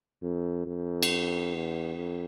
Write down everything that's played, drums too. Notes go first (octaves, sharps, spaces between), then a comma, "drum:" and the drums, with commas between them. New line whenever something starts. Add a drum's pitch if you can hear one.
F2
F2
drum: cymbal
E2
F2